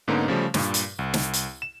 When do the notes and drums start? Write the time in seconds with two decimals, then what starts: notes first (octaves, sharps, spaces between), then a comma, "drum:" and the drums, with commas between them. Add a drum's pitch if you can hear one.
0.08 G#2 D3 A#3 B3 C#4 D#4
0.28 C#3 F3 G3 A3
0.54 G2 A#2, drum: snare
0.74 drum: hi-hat
0.99 C2
1.14 drum: snare
1.33 drum: hi-hat
1.62 E7